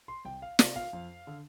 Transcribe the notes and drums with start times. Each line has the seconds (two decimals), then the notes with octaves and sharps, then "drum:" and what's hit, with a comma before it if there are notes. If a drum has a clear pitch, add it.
0.08 C6
0.25 C2 G5
0.42 F5
0.59 C3 D5, drum: snare
0.76 F5
0.93 F2
1.27 D3